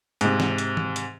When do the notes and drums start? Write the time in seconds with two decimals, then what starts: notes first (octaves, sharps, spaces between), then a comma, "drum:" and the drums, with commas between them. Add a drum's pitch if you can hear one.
0.21 G#2 C3, drum: hi-hat
0.40 drum: snare
0.58 drum: hi-hat
0.77 drum: tom D#3
0.96 drum: hi-hat